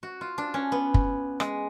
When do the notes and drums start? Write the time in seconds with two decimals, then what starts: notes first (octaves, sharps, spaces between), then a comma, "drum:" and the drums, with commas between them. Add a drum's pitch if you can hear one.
0.03 F#4
0.21 F4
0.38 D4
0.54 C#4
0.72 B3
0.94 drum: kick
1.40 G#3, drum: rim click